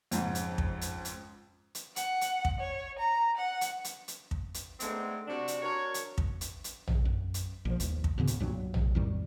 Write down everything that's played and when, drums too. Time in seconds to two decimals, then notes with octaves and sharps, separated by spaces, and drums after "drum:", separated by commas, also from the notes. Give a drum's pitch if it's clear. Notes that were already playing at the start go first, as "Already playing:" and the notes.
0.11 F2 G#2 C#3, drum: hi-hat
0.35 drum: hi-hat
0.58 drum: kick
0.81 drum: hi-hat
1.05 drum: hi-hat
1.75 drum: hi-hat
1.96 F#5, drum: hi-hat
2.21 drum: hi-hat
2.45 drum: kick
2.61 C#5
2.99 A#5
3.38 F#5
3.61 drum: hi-hat
3.84 drum: hi-hat
4.08 drum: hi-hat
4.31 drum: kick
4.54 drum: hi-hat
4.80 G#3 A3 B3 C4 D4 D#4, drum: hi-hat
5.27 C3 D4 F#4
5.48 drum: hi-hat
5.62 D4 F#4 A#4 C#5
5.94 drum: hi-hat
6.18 drum: kick
6.41 drum: hi-hat
6.64 drum: hi-hat
6.88 drum: tom A#1
7.05 F#2
7.34 drum: hi-hat
7.65 A#1 F3
7.80 G1 D#2, drum: hi-hat
8.04 drum: kick
8.18 D2 A2 C#3 B3
8.27 drum: hi-hat
8.40 C2 G2 A#2 F#3
8.74 drum: tom A#1
8.95 F2 A2 D#3 G3